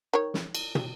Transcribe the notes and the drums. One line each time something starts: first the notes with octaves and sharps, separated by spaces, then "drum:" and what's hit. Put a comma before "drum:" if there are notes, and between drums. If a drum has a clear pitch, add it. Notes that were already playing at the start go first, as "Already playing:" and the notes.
D#3 C#5
drum: snare
drum: cymbal
drum: tom